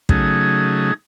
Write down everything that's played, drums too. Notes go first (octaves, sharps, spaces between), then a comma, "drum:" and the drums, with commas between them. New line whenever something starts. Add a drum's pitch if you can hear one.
C#3 F#3 A3 D#4 G#4, drum: kick